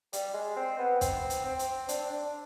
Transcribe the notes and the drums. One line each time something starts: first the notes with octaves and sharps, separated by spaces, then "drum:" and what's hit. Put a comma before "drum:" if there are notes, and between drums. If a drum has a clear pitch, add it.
G3, drum: hi-hat
G#3
C4
B3
C4, drum: kick, hi-hat
drum: hi-hat
C4
drum: hi-hat
D4, drum: hi-hat
D4